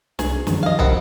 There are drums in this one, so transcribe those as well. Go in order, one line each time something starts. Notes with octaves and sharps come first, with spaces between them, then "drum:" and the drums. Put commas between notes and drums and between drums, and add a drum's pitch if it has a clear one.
C2 G#4, drum: snare
F#2 D#3 F3, drum: snare
G3 D#5 F5
B2 C4 A#4 F#5 B5, drum: kick